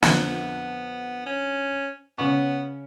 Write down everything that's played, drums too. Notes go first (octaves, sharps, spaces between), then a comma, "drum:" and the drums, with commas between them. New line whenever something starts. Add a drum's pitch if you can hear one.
F2 D3 B3 F#6, drum: snare
C#4
C#3 B3 C#4 C#6